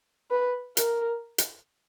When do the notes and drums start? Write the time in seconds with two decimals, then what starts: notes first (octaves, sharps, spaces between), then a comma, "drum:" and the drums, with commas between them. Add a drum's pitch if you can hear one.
0.31 B4
0.77 A#4, drum: hi-hat
1.38 drum: hi-hat